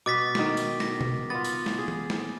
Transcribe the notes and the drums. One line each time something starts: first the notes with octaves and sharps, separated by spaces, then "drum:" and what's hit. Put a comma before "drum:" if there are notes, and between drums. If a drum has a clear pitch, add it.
B2 D6 A6 B6
D#3 F#4, drum: snare
drum: tambourine
A#6, drum: snare
drum: tom
B3 F4 A6
drum: tambourine
drum: snare
G#4
drum: tom E3
drum: snare